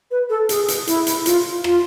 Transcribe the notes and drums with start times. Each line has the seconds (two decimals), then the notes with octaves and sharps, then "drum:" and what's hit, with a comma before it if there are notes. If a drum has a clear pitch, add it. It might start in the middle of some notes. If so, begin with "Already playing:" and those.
0.11 B4
0.30 A4
0.49 G#4, drum: hi-hat
0.68 drum: hi-hat
0.87 E4, drum: hi-hat
1.07 drum: hi-hat
1.26 F4, drum: hi-hat
1.64 F4, drum: rim click